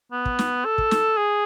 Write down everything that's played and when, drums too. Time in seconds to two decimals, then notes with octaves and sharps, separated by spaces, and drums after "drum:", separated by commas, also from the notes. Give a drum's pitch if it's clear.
0.12 B3
0.25 drum: kick
0.39 drum: snare
0.65 A4
0.78 drum: kick
0.91 drum: snare
1.17 G#4